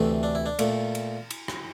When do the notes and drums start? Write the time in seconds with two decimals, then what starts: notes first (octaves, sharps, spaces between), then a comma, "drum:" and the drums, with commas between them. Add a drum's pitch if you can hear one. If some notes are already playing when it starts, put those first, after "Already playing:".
Already playing: D2 C3 E3 A3
0.23 D4
0.35 E4
0.46 D4
0.59 A#2 A3, drum: cymbal
0.95 drum: cymbal
1.31 drum: cymbal
1.48 drum: rim click